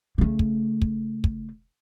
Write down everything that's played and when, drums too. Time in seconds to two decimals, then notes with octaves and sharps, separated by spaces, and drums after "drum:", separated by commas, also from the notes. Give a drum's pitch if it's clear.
0.18 C#3 A3
0.39 drum: kick
0.82 drum: kick
1.24 drum: kick